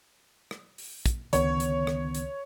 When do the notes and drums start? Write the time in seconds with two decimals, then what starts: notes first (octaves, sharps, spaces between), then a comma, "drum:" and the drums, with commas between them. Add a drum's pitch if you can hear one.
0.51 drum: rim click
0.78 drum: open hi-hat
1.06 drum: kick, hi-hat
1.33 C#2 D3 D#3 B3 C#5, drum: hi-hat
1.60 drum: hi-hat
1.87 drum: rim click
2.15 drum: hi-hat